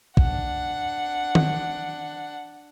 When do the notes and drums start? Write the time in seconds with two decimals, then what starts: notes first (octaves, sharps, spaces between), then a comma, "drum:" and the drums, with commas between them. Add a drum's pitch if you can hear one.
0.17 D4 F#5, drum: kick
1.35 drum: tom D#3